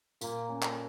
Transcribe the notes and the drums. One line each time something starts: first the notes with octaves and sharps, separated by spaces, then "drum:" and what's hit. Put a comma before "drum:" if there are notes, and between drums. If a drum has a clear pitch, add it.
A#2 A#3, drum: tambourine
C#4
drum: clap